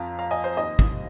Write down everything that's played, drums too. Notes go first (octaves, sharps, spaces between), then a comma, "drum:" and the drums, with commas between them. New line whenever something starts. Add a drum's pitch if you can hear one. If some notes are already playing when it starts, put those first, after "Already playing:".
Already playing: F2 F3 F5 A#5
F5 A#5
D#5 G#5
C5
D#2 D#3 D#5
drum: kick